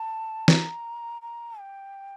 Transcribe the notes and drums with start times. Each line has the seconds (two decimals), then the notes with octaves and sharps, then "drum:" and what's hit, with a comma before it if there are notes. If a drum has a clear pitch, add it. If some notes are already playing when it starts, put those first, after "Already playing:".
Already playing: A5
0.48 A#5, drum: snare
1.22 A#5
1.59 G5